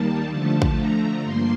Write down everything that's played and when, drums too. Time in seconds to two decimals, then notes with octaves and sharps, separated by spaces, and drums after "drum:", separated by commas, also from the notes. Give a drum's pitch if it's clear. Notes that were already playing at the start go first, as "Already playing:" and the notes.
Already playing: D#2 D#3 G3 A#3 A5
0.31 D3 F3 A3 A5
0.62 drum: kick A1
0.78 A#5
1.23 G2 F3 A#3 C6